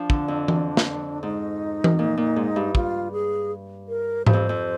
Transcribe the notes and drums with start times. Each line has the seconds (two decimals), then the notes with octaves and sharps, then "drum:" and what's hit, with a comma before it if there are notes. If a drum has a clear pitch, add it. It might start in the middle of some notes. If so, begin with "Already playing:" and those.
Already playing: F3 D4
0.10 D3, drum: kick
0.28 F2
0.48 drum: tom E3
0.77 drum: snare
1.23 G#2 D#4
1.84 drum: tom E3
1.99 A#2
2.17 A#2
2.36 G#2
2.56 G2
2.75 F4, drum: kick
3.12 G#4
3.89 A#4
4.27 G2 C5, drum: tom G#2
4.33 F2
4.49 F2